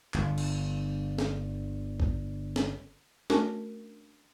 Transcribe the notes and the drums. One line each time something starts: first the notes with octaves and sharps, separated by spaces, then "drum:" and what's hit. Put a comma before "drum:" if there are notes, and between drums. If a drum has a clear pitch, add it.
G1 D3, drum: clap
drum: cymbal
drum: snare
drum: kick G#1
drum: snare
A3 C#4 D4 F#4 A#4, drum: snare